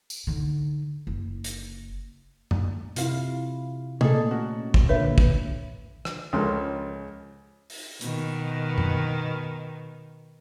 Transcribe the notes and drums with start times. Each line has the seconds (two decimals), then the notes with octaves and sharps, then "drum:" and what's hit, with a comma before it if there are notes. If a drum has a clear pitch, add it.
0.10 drum: tambourine
0.27 D3 D#4
1.07 F#1
1.44 drum: hi-hat
2.51 drum: tom F#2
2.96 C3 E4 F4 F5, drum: hi-hat
4.01 A#2 A3 G#4 A4 D#5 A#5 D#6, drum: tom
4.31 C#4 F#4
4.74 drum: kick
4.89 A#2 D3 B4 C#5 E5
5.18 drum: kick
6.05 drum: rim click
6.33 C#2 C#3 F3 A4 A#4 C6
7.70 drum: open hi-hat
8.01 B2 D#3, drum: hi-hat
8.78 drum: tom F#2